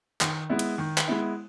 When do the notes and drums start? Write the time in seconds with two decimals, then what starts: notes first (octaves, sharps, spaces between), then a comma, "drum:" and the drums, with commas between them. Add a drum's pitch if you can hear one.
0.21 D#3, drum: clap
0.49 G#3 B3 E4
0.59 drum: cymbal
0.78 D#3
0.98 drum: clap
1.08 G#3 B3 E4